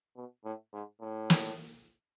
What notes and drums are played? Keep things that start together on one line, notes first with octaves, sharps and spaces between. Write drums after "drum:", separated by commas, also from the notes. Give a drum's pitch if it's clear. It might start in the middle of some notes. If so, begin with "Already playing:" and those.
B2
A2
G#2
A2
drum: snare